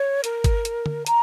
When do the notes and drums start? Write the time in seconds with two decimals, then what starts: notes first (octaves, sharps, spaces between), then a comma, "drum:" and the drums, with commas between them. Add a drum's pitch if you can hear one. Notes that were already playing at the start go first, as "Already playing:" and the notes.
Already playing: C#5
0.24 A#4, drum: hi-hat
0.44 drum: kick G1, hi-hat
0.65 drum: hi-hat
0.86 drum: tom D3
1.06 A#5, drum: hi-hat